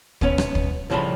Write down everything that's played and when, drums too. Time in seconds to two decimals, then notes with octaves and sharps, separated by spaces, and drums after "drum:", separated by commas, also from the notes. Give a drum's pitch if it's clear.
0.21 B1 B3 C#4 C#5, drum: kick
0.38 drum: rim click
0.55 drum: kick
0.90 A2 C#3 F3 G3 A5 B5